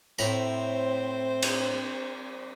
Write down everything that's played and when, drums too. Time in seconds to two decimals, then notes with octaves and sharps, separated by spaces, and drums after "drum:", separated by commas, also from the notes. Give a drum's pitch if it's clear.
0.18 A2 C4 C5 A#5 B5, drum: tambourine
1.42 drum: cymbal